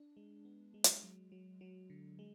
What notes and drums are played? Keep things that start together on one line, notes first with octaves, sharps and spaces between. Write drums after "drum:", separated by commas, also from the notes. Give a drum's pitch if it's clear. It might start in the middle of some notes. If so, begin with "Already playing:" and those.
Already playing: D4
G#3
B3
G#3
drum: hi-hat
F#3
F#3
F#3
D3
G#3